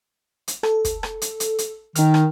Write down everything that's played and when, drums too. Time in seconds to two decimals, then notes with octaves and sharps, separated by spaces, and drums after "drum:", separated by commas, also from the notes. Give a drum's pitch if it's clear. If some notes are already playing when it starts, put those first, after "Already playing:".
0.48 drum: hi-hat
0.63 A4, drum: rim click
0.85 drum: kick, hi-hat
1.03 drum: rim click
1.22 drum: hi-hat
1.40 drum: hi-hat
1.58 drum: hi-hat
1.95 D#3 D#4 F6, drum: hi-hat
2.14 drum: rim click